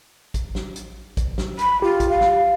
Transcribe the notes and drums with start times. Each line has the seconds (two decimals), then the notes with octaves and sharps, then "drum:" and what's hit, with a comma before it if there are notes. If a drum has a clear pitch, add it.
0.34 drum: kick A1, hi-hat
0.55 drum: snare
0.76 drum: hi-hat
1.17 drum: kick A1, hi-hat
1.38 drum: snare
1.59 B5, drum: hi-hat
1.82 F4 G4
2.00 drum: kick A1, hi-hat
2.09 F5
2.21 drum: snare